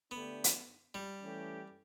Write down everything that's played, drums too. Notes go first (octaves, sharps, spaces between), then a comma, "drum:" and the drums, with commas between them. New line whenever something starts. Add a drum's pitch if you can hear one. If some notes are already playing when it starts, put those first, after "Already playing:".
D3 A3 B3 D4 G4
drum: hi-hat
G3
E3 A3 C#4 G4